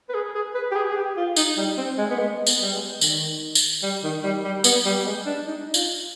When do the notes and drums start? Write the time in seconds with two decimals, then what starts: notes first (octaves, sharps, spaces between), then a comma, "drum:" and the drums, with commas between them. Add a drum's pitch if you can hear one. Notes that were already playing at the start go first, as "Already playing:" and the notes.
0.09 B4
0.14 G#4
0.35 G#4
0.55 B4
0.71 G4
0.76 G#4
0.91 G#4
0.96 G4
1.17 F4
1.36 D#4, drum: tambourine
1.57 G3
1.78 C4
1.98 G#3
2.10 B3
2.19 G#3
2.47 B3, drum: tambourine
2.61 G3
2.73 G#3
3.01 D#3, drum: tambourine
3.55 drum: tambourine
3.83 G3
4.04 D#3
4.24 G3
4.44 G3
4.64 B3, drum: tambourine
4.85 G3
5.05 G#3
5.26 D4
5.47 D#4
5.74 F4, drum: tambourine